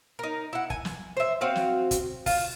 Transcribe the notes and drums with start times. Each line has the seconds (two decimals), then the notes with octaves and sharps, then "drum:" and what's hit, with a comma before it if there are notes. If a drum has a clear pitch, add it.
0.19 D#4 A#4
0.53 E4 F#5
0.70 G#5, drum: kick
0.85 drum: snare
1.17 C5 E5
1.41 C4 F#4 F5
1.55 drum: snare
1.91 drum: kick, hi-hat
2.26 F4, drum: kick, open hi-hat